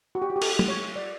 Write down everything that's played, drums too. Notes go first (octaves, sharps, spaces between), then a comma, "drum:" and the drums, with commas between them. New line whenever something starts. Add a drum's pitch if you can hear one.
F#4
G4
F#4
G4
A4, drum: cymbal
drum: tom
C#5
D5